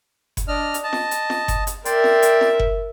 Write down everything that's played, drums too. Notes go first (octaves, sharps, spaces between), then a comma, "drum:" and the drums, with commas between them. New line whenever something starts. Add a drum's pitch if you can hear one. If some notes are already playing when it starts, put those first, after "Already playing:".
drum: kick F#1, hi-hat
D4 D#5 F6
drum: hi-hat
D#5 A5
drum: snare
drum: hi-hat
drum: snare
drum: kick F#1, hi-hat
drum: hi-hat
A#4 D5 E5 G5 C6, drum: hi-hat
drum: snare
drum: hi-hat
drum: snare
drum: kick F#1